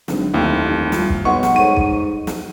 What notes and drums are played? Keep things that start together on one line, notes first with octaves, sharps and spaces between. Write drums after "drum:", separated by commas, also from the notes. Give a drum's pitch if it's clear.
G#1 D3 F#3 D4, drum: snare
F1 D#2 E4 A#4 C5 G5
G3 F4, drum: snare
drum: kick
B1 G#4 B4 D#5 F#5 C6 C#6
drum: snare
G#2 A4 C#5 C#6 D#7
drum: kick
drum: snare